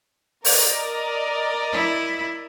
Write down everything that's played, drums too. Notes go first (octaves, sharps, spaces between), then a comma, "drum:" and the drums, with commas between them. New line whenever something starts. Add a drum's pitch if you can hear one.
A#4 D5 D#5, drum: open hi-hat
E4